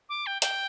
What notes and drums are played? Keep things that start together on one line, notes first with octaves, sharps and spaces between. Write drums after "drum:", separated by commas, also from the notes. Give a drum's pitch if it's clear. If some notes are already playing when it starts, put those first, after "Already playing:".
D6
G5
G5, drum: hi-hat